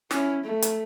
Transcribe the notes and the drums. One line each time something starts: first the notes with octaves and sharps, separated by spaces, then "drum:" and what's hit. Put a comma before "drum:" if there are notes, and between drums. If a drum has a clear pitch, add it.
C#4 E4, drum: snare
A3
drum: hi-hat